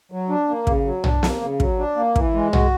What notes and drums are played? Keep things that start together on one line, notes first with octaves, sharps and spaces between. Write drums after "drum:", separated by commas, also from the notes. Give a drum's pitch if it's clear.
F#3
D4
A#3
C#3, drum: kick
F#3
D4, drum: tom B1
A#3, drum: snare
C#3
F#3, drum: kick
D4
A#3
E3, drum: kick
G#3
F#4, drum: tom B1